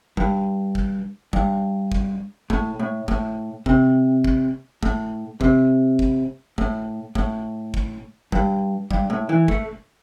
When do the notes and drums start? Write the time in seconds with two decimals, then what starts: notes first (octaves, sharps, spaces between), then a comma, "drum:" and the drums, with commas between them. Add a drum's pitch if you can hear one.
0.17 G2, drum: kick
0.75 drum: kick
1.33 G2, drum: kick
1.92 drum: kick
2.50 A2, drum: kick
2.79 A2
3.08 A2, drum: kick
3.66 C3, drum: kick
4.24 drum: kick
4.83 A2, drum: kick
5.41 C3, drum: kick
5.99 drum: kick
6.58 A2, drum: kick
7.15 A2, drum: kick
7.74 drum: kick
8.32 G2, drum: kick
8.91 G2, drum: kick
9.10 A2
9.29 E3
9.48 A3, drum: kick